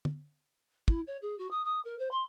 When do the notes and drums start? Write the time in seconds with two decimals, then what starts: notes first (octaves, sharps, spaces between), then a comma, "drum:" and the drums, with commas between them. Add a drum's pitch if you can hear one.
0.05 drum: tom
0.88 E4, drum: kick
1.07 C#5
1.22 G#4
1.38 F#4
1.50 D#6
1.64 D#6
1.84 A#4
1.99 C5
2.11 C6